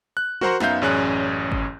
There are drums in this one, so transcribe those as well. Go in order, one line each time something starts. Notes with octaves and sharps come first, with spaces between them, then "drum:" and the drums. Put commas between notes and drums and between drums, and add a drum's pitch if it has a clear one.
F#6
F#4 A#4 C5 F#5 A#5 C6, drum: tom
F#2 B3 D#4 E5 F5 G6, drum: snare
A1 F#2 C#4 G#4 D5 F#6
drum: kick G1